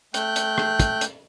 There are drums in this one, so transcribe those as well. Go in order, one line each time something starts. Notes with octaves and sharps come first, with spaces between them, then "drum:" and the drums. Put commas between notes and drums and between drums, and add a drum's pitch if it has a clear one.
A3 G5 F#6 G6, drum: hi-hat
drum: hi-hat
drum: rim click
drum: kick, hi-hat
drum: hi-hat